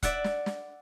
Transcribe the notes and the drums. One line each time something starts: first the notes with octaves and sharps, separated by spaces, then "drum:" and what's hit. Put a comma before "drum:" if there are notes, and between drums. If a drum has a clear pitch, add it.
D5 E5 F#5, drum: kick, hi-hat
drum: snare
drum: snare